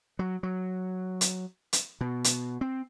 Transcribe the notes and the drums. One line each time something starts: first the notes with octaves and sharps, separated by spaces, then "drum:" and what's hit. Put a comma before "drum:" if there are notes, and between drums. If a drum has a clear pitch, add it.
F#3
F#3
drum: hi-hat
drum: hi-hat
B2
drum: hi-hat
C4